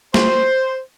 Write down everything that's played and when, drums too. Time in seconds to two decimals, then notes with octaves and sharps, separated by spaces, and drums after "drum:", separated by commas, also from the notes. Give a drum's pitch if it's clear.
0.14 C5, drum: snare